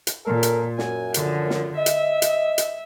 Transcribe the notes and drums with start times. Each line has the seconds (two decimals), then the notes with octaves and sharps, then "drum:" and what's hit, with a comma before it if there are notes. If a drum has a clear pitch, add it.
0.07 drum: hi-hat
0.25 A#2 C#4 A4 A#4
0.43 drum: hi-hat
0.79 F#2 G#5, drum: snare
1.14 D3 F3, drum: hi-hat
1.50 drum: snare
1.77 D#5 E5
1.86 drum: hi-hat
2.22 drum: hi-hat
2.58 drum: hi-hat